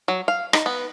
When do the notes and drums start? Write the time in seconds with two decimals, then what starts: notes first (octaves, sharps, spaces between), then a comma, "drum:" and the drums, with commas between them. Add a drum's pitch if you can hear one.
0.08 F#3
0.28 F5
0.53 D#4, drum: rim click
0.66 B3